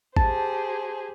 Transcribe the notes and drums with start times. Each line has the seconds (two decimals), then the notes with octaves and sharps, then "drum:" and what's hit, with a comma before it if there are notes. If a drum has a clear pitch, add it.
0.17 G4 G#4 C5 A5, drum: kick G#1